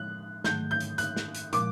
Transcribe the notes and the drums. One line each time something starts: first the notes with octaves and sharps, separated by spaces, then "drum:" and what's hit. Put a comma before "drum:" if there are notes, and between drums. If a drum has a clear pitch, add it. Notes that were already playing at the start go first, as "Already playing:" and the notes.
Already playing: A2 F3 G#3 F#6
G#2 D#3 F#3 A3 G6, drum: snare
G6
drum: hi-hat
F#6, drum: hi-hat
drum: snare
drum: hi-hat
A#2 F3 G#3 D6, drum: hi-hat